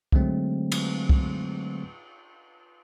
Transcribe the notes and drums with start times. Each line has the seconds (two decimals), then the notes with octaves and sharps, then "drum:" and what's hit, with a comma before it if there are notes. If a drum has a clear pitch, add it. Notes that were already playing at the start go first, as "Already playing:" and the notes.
0.12 D3 F#3 G#3 A3 C4, drum: kick C2
0.72 drum: cymbal
1.09 drum: kick C2